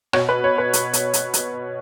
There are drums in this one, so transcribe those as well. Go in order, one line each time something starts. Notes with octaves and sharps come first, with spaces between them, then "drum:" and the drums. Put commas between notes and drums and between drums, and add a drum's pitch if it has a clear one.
B2 C#5, drum: rim click
B4
C#5
B4
drum: hi-hat
drum: hi-hat
drum: hi-hat
drum: hi-hat